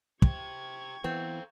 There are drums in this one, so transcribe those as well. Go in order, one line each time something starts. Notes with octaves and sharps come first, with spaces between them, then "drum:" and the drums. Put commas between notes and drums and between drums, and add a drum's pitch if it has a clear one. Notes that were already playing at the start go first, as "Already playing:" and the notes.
G4 C5 C#6 G#6, drum: kick
E3 B3 C4 A4 F5